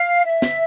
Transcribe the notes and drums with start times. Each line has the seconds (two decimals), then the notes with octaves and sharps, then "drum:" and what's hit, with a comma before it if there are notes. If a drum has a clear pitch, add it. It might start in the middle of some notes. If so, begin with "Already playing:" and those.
Already playing: F5
0.25 E5
0.42 drum: snare